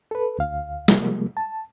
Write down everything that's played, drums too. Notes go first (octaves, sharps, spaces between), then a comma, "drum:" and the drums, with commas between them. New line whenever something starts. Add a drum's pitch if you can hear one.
A4 B4
D2 F5
C3 F3 G3 G#3 A#3, drum: snare
A5